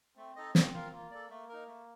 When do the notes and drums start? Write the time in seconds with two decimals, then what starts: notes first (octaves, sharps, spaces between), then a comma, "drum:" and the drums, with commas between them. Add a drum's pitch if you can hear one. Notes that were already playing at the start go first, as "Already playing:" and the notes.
0.17 A3 C4
0.36 D#4 A4 D#5
0.55 A#3 C4, drum: snare
0.74 F4 A#4 F5
0.92 A#3 F4
1.11 A4 D5
1.30 A3 A#3
1.49 D#4 A#4
1.67 A3